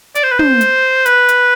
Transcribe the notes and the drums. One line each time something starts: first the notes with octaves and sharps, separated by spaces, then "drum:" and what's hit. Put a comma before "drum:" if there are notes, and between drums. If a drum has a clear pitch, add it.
D5, drum: hi-hat
C5
B4
C5, drum: tom
drum: hi-hat
B4, drum: hi-hat
drum: hi-hat